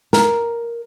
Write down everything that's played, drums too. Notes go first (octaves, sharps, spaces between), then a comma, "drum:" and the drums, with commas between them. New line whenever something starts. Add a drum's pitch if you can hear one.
A#4, drum: snare